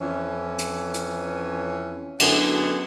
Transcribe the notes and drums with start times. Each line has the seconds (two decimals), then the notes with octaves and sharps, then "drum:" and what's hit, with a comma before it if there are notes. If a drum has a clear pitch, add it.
0.01 F2 E3 C#4
0.58 drum: hi-hat
0.94 drum: hi-hat
2.20 F#2 D3 B3 G#4 A4 F#5, drum: cymbal